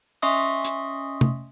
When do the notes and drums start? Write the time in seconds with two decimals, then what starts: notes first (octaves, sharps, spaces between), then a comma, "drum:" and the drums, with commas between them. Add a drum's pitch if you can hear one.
0.22 C#4 D#5 E5 C6 C#6 D#6
0.65 drum: hi-hat
1.21 drum: tom C3